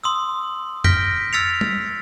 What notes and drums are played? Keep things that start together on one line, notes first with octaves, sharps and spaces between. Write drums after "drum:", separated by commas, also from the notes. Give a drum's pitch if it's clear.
C6 D#6 E6
F6 G6 A#6 B6 D7 G7, drum: tom F2
E6 F6 A6 B6 C#7 F7
drum: tom G3